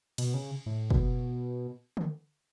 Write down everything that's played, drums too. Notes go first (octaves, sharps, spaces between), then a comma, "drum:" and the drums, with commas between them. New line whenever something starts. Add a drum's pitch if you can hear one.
B2, drum: cymbal
C#3
A2
B2, drum: kick
drum: tom D3